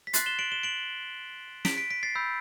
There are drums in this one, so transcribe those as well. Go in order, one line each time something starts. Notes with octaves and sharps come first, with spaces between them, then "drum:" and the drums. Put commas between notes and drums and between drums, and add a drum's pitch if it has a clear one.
B6
C6 F#6 A6 C7, drum: hi-hat
E7 G7
D7 F#7
E7 G7
D7 F#7
B6 D7, drum: snare
B6 D7
B6 D7
A6 C7
B5 E6 G6